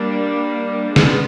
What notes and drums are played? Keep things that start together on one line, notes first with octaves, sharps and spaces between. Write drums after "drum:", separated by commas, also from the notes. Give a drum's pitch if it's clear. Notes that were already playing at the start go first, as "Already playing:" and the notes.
Already playing: G3 A#3 D4
G#3 B3, drum: snare